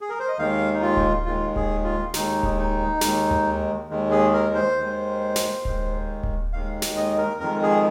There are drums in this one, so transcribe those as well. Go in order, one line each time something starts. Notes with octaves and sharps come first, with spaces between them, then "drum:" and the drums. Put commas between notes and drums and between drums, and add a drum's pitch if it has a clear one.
G#4
A#4
C5
D#5
D#2 D#3 G#3 F5
D#4
F4
drum: kick D1
D#2 D#3 G#3 F4
G#4, drum: kick D1
F4
D#2 D#3 G#3 D#4, drum: snare
drum: kick D1
D#4
D#2 D#3 G#3, drum: snare
drum: tom D2
D#2 D#3 G#3
G#4
A#4
C5
D#2 D#3 G#3
drum: snare
D#2 D#3 G#3, drum: kick D1
drum: kick D1
D#2 D#3 G#3 F5
drum: snare
D#5
A#4
F2 D#3 G#3 A#4
G#4